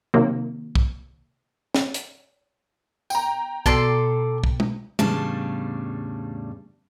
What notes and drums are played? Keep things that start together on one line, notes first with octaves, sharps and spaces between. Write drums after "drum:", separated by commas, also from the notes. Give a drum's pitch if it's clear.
C3 D#3 F#3 A#3
drum: kick
drum: snare
drum: hi-hat
G5 A#5, drum: tambourine
B2 A4 D5 C6, drum: kick
drum: kick
drum: tom
E2 A2 C#3 G3 D4 A5, drum: tom